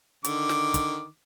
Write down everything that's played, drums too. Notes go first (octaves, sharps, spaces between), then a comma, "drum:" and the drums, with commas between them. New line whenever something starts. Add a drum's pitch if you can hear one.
D3 D#3 D6, drum: hi-hat
drum: snare
drum: kick, hi-hat